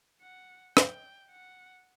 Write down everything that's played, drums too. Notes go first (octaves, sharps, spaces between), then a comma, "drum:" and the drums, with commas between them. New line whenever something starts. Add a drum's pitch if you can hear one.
F#5
G5, drum: rim click
F#5